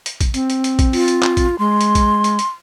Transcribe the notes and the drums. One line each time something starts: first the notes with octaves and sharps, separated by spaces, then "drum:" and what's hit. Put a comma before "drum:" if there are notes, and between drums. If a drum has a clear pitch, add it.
drum: hi-hat
drum: kick, hi-hat
C4, drum: hi-hat
drum: hi-hat
drum: hi-hat
drum: kick, hi-hat
F4, drum: open hi-hat
drum: hi-hat
drum: clap
drum: kick, hi-hat
G#3 C6
drum: hi-hat
drum: kick, hi-hat
drum: hi-hat
drum: hi-hat